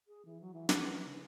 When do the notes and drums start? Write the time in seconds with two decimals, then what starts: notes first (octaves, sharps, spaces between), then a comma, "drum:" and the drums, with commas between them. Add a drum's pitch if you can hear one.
0.08 G#4
0.25 E3
0.41 F#3
0.54 E3
0.69 G4, drum: snare
0.83 B4
1.04 C#3